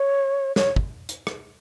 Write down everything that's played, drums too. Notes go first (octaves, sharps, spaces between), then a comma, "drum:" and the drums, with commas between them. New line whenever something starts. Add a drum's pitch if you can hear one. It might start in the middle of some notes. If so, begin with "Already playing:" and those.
Already playing: C#5
C#5, drum: snare
drum: kick
drum: hi-hat
drum: rim click